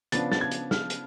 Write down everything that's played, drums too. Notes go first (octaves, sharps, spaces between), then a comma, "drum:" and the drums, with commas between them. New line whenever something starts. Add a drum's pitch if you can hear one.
C#3 F3 B3 D4 A6, drum: hi-hat
A6, drum: snare
G#6
drum: hi-hat
F6, drum: snare
drum: hi-hat